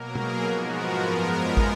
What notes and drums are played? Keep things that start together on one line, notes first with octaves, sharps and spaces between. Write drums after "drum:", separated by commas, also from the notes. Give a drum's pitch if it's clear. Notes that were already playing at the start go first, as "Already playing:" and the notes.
Already playing: B2 F#3 A#3 A#4
G#4, drum: tom B2
G#2 F3 G#3 B3 F#4
A#4
F#2 F3 G#3 B3 A#4
drum: kick